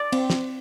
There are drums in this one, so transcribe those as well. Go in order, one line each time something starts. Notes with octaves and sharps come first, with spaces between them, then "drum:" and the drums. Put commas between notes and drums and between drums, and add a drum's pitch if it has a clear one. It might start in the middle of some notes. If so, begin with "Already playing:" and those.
Already playing: D5
C4, drum: cymbal
drum: snare